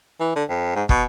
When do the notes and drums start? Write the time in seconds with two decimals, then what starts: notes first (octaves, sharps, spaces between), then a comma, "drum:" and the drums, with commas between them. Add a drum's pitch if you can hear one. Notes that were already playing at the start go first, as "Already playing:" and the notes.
0.20 E3
0.36 D3
0.49 F2
0.75 G#2
0.89 B2, drum: kick